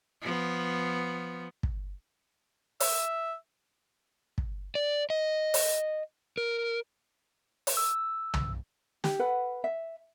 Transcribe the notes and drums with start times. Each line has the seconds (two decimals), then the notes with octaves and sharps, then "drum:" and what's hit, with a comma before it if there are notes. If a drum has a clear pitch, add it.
0.22 F3 B3
1.63 drum: kick
2.80 E5, drum: open hi-hat
4.38 drum: kick
4.75 D5
5.10 D#5
5.54 drum: open hi-hat
6.38 A#4
7.67 drum: open hi-hat
7.77 E6
8.34 drum: tom
9.04 G4, drum: snare
9.19 A4 B4 F#5
9.64 E5